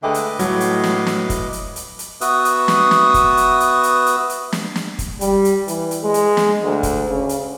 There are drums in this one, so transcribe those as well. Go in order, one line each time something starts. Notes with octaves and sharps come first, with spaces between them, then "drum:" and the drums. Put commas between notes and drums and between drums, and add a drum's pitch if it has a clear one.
D3 G#3 A3 B4 D#5 G5 D6
drum: hi-hat
A2 F#3, drum: hi-hat
drum: hi-hat
drum: snare
drum: snare
drum: kick, hi-hat
drum: hi-hat
drum: hi-hat
drum: hi-hat
B3 F#4 B4 E5 D#6 E6, drum: hi-hat
drum: hi-hat
drum: snare
drum: snare
drum: kick, hi-hat
drum: hi-hat
drum: hi-hat
drum: hi-hat
drum: hi-hat
drum: hi-hat
drum: snare
drum: snare
drum: kick, hi-hat
G3, drum: hi-hat
drum: hi-hat
E3, drum: hi-hat
drum: hi-hat
G#3
drum: hi-hat
drum: snare
D2
drum: kick, hi-hat
C#3
drum: hi-hat